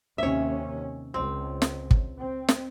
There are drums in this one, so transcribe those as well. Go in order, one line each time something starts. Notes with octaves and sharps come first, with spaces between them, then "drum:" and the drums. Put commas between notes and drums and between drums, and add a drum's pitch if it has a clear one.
D#2 C3 C#4 C#5 E5
C#2 C4
drum: snare
drum: kick
C4
drum: snare